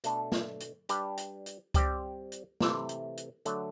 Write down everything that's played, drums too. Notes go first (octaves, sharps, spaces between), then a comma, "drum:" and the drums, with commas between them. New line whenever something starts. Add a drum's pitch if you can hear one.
B2 A3 D4 A4, drum: hi-hat
drum: snare
drum: hi-hat
G3 D4 G4 B4, drum: hi-hat
drum: hi-hat
drum: hi-hat
G3 C4 G4 D5, drum: kick C#2, hi-hat
drum: hi-hat
C3 E3 A3, drum: snare
drum: hi-hat
drum: hi-hat
D3 F#3 A3, drum: hi-hat